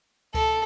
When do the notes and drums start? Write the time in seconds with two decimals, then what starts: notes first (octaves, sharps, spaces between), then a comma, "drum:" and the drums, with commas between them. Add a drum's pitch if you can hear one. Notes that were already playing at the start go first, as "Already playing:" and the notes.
0.34 A4, drum: kick C#2, cymbal